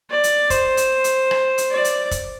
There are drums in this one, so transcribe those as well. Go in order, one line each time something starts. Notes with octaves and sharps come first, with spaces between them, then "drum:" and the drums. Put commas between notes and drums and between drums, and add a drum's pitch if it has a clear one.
D5
drum: hi-hat
C5, drum: kick, hi-hat
drum: hi-hat
drum: hi-hat
drum: rim click
drum: hi-hat
D5
drum: hi-hat
drum: kick, hi-hat